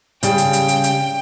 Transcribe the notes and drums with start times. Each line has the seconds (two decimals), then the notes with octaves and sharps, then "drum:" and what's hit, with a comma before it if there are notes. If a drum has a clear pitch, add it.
0.23 C#3 G3 G5, drum: hi-hat
0.38 drum: hi-hat
0.53 drum: hi-hat
0.68 drum: hi-hat
0.84 drum: hi-hat